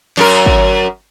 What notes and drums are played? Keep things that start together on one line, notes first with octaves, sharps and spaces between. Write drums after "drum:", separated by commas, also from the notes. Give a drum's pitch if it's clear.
F#2 A#4, drum: clap
drum: kick